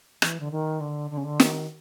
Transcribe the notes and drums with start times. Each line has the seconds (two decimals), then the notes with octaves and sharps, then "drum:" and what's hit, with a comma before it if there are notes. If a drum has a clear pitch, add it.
0.22 E3, drum: rim click
0.40 D3
0.52 D#3
0.80 D3
1.11 D3
1.17 C#3
1.24 D3
1.40 D#3, drum: snare